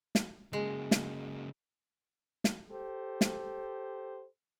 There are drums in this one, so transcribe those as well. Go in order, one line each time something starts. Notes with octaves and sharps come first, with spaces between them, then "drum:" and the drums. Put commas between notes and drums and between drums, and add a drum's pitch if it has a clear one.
drum: snare
C#3 G#3 A#3
drum: snare
drum: snare
G4 A4 C5
drum: snare